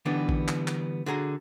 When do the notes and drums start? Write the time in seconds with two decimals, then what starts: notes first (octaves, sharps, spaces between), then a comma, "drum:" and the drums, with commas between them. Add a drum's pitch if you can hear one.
0.05 D3 E3 G3 B3 D4
0.29 drum: kick A#1
0.48 drum: clap
0.68 drum: clap
1.06 D3 F#4 G#4 A#5